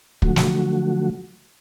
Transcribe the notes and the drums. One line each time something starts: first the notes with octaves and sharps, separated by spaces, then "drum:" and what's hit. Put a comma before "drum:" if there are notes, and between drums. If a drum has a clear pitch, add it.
D3 F3 F#3 A3 F#4, drum: kick
drum: snare